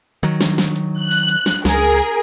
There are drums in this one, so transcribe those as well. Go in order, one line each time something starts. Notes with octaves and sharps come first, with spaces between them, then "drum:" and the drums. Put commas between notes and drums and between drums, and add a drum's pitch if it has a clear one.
D#3 F#3, drum: hi-hat
drum: snare
drum: snare
drum: hi-hat
F#6
drum: open hi-hat
drum: hi-hat
drum: snare
C#2 G#4 A#4, drum: snare
drum: hi-hat